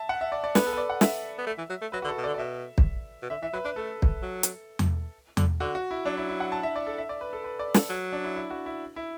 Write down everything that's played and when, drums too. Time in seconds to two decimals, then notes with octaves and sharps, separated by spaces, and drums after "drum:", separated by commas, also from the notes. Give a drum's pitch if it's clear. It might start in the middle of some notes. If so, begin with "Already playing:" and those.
Already playing: E5 A5
0.09 F#5
0.21 E5
0.32 D5
0.44 D5
0.55 B3 B4, drum: snare
0.67 A4
0.73 B4
0.78 D5
0.90 F#5
1.01 E5, drum: snare
1.38 B3
1.47 A3
1.58 E3
1.70 F#3
1.81 A3
1.92 F#3 B4
2.02 D3 F#4
2.09 A4
2.18 B2
2.24 D5
2.27 D3
2.34 D5
2.38 B2 E5
2.78 drum: kick
3.23 B2
3.30 D3 E5
3.42 E3 E5
3.53 F#3 B4
3.65 D4 B4
3.76 A3 A4
4.02 drum: kick
4.22 F#3
4.43 drum: hi-hat
4.79 drum: tom E2
5.37 D3, drum: tom E2
5.60 D3 F#4
5.75 F#4
5.91 E4
6.05 F#3 D4
6.17 E4
6.29 E4
6.40 F#5
6.52 A5
6.63 E5
6.76 D5
6.87 A4
6.98 E5
7.09 D5
7.21 B4
7.33 A4
7.44 B4
7.59 D5
7.74 A4, drum: snare
7.89 F#3
8.13 D4
8.24 E4
8.36 E4
8.50 F#4
8.66 E4
8.96 E4